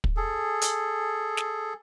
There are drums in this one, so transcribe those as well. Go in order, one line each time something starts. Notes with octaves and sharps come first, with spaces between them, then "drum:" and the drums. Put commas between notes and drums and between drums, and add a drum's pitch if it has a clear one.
drum: kick
G#4 A4
drum: hi-hat
drum: snare